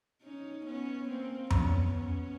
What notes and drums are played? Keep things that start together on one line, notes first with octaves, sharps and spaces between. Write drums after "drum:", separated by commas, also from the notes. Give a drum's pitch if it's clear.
C#4 D#4
B3 C#4
A#3 C4
B3 C#4, drum: tom F2
B3 C#4